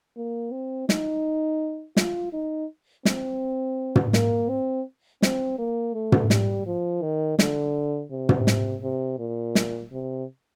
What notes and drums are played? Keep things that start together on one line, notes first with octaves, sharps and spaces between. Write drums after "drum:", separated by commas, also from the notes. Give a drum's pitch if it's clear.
A#3
C4
D#4, drum: snare
F4, drum: snare
D#4
C4, drum: snare
drum: tom
A#3, drum: snare
C4
C4, drum: snare
A#3
A3
drum: tom
G3, drum: snare
F3
D#3
D3, drum: snare
C3
drum: tom
drum: snare
C3
A#2
drum: snare
C3